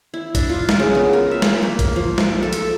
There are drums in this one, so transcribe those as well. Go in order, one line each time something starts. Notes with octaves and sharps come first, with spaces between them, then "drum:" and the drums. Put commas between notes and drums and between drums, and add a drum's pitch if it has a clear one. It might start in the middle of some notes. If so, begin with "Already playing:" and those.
E4
D4, drum: kick A1, hi-hat
F4
drum: snare
C#3
B3
A#4
E5
drum: snare
A#3
drum: kick A1, hi-hat
F3
F3, drum: snare
A4
drum: hi-hat